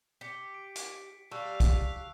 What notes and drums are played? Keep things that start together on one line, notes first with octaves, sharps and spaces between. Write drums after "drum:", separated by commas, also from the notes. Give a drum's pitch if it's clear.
G4 B6 C#7
D7
drum: hi-hat
G3 G4 F5 A5 C#6 E6 F#6 B6
drum: kick, hi-hat